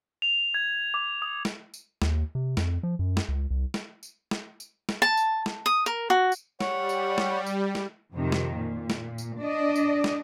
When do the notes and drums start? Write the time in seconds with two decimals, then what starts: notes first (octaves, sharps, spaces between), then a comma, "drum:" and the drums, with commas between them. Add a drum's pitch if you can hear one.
0.22 F7
0.54 G#6
0.94 D6
1.22 D#6
1.45 drum: snare
1.74 drum: tambourine
2.02 D#2, drum: snare
2.35 C3
2.57 F2, drum: snare
2.83 F3
2.99 F#2
3.17 drum: snare
3.29 C#2
3.51 C2
3.74 drum: snare
4.03 drum: tambourine
4.31 drum: snare
4.60 drum: tambourine
4.89 drum: snare
5.02 A5
5.17 drum: tambourine
5.46 drum: snare
5.66 D#6
5.86 A#4
6.10 F#4
6.32 drum: tambourine
6.61 G3 C#5 F#5, drum: snare
6.89 drum: tambourine
7.18 drum: snare
7.46 drum: tambourine
7.75 drum: snare
8.12 F2 C3 D#3
8.32 drum: snare
8.57 A#2
8.90 drum: snare
9.18 drum: tambourine
9.40 D4 D5 D#5
9.76 drum: tambourine
10.04 drum: snare